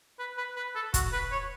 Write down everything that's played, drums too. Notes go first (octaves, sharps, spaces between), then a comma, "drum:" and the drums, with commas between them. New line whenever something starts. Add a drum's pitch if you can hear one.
B4
B4
B4
A4
F#4, drum: kick, hi-hat
B4
C#5